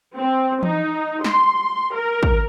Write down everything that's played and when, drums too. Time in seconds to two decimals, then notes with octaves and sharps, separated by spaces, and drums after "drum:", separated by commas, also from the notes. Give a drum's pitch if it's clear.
0.16 C4
0.63 D#4, drum: tom E3
1.24 C6, drum: snare
1.95 A#4
2.23 drum: kick